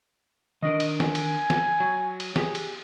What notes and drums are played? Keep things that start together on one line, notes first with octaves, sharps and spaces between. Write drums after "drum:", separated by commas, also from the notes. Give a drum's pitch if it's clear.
D#3 D4 A#4 D#5
drum: cymbal
G#5, drum: snare
drum: cymbal
drum: snare
F#3
drum: cymbal
G4 G#4, drum: snare
drum: cymbal